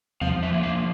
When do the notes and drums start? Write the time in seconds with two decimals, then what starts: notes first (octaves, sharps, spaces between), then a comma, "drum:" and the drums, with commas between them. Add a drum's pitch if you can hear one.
0.21 F3 F5, drum: tom E2
0.43 E5
0.53 A#3
0.63 F5